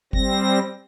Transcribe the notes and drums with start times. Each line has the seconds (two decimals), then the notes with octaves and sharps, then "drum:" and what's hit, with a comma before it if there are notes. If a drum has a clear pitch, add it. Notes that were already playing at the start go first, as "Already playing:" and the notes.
0.13 G3 C4 A#6, drum: kick